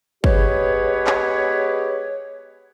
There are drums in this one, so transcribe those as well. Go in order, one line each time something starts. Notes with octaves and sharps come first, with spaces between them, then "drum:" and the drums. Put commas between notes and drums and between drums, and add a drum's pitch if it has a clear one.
G#3 B3 G4 G#4 B4 C#5, drum: kick
drum: clap